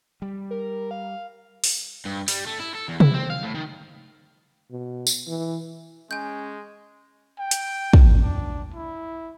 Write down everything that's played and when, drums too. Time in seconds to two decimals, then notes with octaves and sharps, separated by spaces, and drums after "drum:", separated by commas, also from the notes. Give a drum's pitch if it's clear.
0.22 G3
0.51 A#4
0.91 F5
1.64 drum: open hi-hat
2.05 G2
2.28 G3, drum: open hi-hat
2.46 A3
2.60 E4
2.75 A4
2.88 E2
3.00 E4, drum: tom C3
3.14 C4
3.30 F5
3.43 A2
3.55 D#3
4.71 B2
5.07 drum: tambourine
5.27 E3
6.11 G#3 C#4 G#5 G6
7.39 G5
7.51 drum: hi-hat
7.93 drum: kick
8.21 D4
8.74 E4